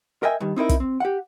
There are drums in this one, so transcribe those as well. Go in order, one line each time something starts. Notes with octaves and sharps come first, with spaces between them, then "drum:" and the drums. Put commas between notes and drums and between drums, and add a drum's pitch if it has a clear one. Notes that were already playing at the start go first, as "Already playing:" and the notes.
A#4 D#5 E5 G5 G#5
G2 D#3
C4 D#4 E4 A#4
drum: kick, hi-hat
C4
G4 F#5